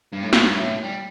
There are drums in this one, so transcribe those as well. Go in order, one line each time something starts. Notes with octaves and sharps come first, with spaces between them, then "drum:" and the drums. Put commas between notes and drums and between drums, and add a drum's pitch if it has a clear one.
G2
A2
A2, drum: snare
G2
A2
G3